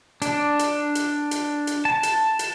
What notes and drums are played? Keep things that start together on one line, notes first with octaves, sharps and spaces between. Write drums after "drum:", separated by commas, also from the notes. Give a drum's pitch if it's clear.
D4, drum: hi-hat
drum: hi-hat
drum: hi-hat
drum: hi-hat
drum: hi-hat
A5
drum: hi-hat
drum: hi-hat